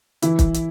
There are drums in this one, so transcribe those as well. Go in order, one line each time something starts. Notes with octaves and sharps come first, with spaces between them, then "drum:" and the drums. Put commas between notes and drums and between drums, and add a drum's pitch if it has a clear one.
E3 E4, drum: hi-hat
drum: kick, hi-hat
drum: hi-hat